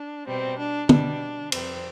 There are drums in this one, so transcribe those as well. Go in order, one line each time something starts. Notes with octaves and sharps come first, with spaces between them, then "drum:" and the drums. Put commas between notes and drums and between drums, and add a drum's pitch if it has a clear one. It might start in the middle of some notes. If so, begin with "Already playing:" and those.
Already playing: D4
B2 G3 C4
D4
B2 G3 D4, drum: tom
F2 C3 G3 C4, drum: cymbal